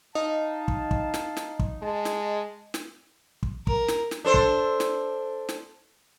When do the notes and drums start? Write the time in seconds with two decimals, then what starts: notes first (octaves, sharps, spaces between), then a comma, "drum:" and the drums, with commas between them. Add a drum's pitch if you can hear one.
0.15 D#4 D#5 F5 A5
0.68 drum: kick
0.91 drum: kick
1.14 drum: snare
1.37 drum: snare
1.59 drum: kick
1.82 G#3 A5
2.05 drum: snare
2.74 drum: snare
3.43 drum: kick
3.67 A#4, drum: kick
3.88 drum: snare
4.11 drum: snare
4.25 D4 A4 C5
4.34 drum: kick
4.80 drum: snare
5.49 drum: snare